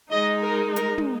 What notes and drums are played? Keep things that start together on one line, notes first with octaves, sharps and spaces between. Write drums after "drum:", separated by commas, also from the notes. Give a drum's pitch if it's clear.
G#3 D#4 D#5
A#4
A#4, drum: hi-hat
drum: tom